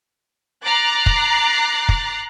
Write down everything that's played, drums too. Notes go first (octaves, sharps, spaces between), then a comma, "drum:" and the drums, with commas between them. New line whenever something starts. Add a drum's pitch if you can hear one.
A#5 D6 F#6 A6 C7
drum: kick
drum: kick